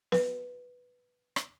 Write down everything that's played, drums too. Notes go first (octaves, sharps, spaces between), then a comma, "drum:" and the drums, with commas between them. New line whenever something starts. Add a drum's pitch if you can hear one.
B4, drum: snare B3
drum: rim click